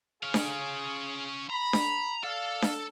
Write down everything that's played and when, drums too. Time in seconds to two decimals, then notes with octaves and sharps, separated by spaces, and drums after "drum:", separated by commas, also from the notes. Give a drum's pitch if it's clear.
0.23 C#4 F4 G#4 F5
0.34 drum: snare D4
1.50 A#5 B5
1.73 drum: snare D4
2.24 A4 D5 F5
2.62 drum: snare D4